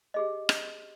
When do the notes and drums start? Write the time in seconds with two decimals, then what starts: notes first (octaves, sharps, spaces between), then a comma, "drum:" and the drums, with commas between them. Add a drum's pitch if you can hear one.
0.14 G4 G#4 D#5
0.49 drum: rim click